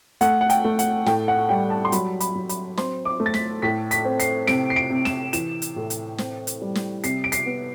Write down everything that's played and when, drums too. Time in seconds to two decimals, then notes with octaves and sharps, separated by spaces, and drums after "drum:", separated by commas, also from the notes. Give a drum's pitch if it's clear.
0.21 A3 F#5, drum: hi-hat
0.41 F#5
0.50 G5, drum: hi-hat
0.65 A3
0.79 F#5, drum: hi-hat
1.06 A2 G5, drum: snare
1.28 F#5
1.49 G3 G5
1.70 A5
1.85 C6
1.92 F#3 B5, drum: hi-hat
2.20 B5, drum: hi-hat
2.35 F#3
2.49 B5, drum: hi-hat
2.77 C4 C6, drum: snare
3.05 D6
3.20 A3
3.26 A6
3.34 B6, drum: snare
3.62 A2 B6
3.91 B6, drum: hi-hat
4.05 C4
4.20 C7, drum: hi-hat
4.47 C3 D7, drum: snare
4.70 C7
4.76 D7
4.90 C3
5.05 E7, drum: snare
5.33 E3 E7, drum: hi-hat
5.62 drum: hi-hat
5.76 A2
5.90 drum: hi-hat
6.18 C4, drum: snare
6.47 drum: hi-hat
6.62 G3
6.75 drum: snare
7.04 C3 C7, drum: hi-hat
7.24 D7
7.32 C7, drum: hi-hat
7.46 B3